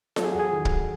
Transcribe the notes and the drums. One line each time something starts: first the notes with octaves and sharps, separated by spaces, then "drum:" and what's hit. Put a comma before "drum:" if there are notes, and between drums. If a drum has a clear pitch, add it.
F#3 A4, drum: snare F4
G#4
F#4
E2 G#4
D#3
drum: kick